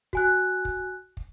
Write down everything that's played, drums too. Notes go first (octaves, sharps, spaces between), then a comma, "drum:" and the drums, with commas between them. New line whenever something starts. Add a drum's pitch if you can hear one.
F#4 G#5 F#6, drum: kick
drum: kick
drum: kick